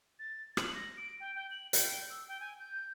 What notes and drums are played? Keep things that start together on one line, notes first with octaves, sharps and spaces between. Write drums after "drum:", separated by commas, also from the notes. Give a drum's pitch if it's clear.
A6
F#7, drum: rim click
A#6
D7
G5
G5
F#7
G5, drum: hi-hat
E6
G5
G#5
G6